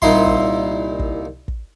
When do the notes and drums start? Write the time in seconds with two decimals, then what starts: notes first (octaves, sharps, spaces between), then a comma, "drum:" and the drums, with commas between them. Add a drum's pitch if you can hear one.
0.02 C2 A#2 D#4 E4 C6, drum: kick
0.26 drum: kick
0.99 drum: kick
1.48 drum: kick